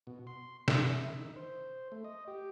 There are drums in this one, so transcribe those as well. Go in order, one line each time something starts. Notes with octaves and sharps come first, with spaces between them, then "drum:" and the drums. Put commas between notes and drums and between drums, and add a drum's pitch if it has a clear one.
B2
C6
E5, drum: snare
D#3
D#3
C5
A3
D#5
G4